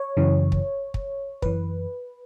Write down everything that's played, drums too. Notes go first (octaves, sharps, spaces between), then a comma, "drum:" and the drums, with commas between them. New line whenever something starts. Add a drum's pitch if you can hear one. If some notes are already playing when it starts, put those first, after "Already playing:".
Already playing: C#5
F#2 C#3 E3
drum: kick
drum: kick
F#2 E3 B4, drum: kick